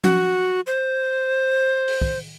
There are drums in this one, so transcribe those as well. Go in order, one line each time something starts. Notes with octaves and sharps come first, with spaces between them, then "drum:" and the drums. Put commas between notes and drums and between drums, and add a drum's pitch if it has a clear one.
F#4, drum: tom F3
C5
drum: open hi-hat
drum: kick